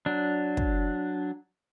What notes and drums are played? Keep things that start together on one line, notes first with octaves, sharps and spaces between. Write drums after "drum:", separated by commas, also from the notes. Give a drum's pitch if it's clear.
F#3 D4
drum: kick